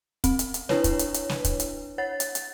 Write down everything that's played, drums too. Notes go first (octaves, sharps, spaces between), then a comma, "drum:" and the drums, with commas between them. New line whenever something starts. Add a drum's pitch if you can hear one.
C4, drum: kick, hi-hat
drum: hi-hat
drum: hi-hat
D4 E4 B4 C#5, drum: snare
drum: kick, hi-hat
drum: hi-hat
drum: hi-hat
drum: snare
drum: kick, hi-hat
drum: hi-hat
C#5 F#5 A6
drum: hi-hat
drum: hi-hat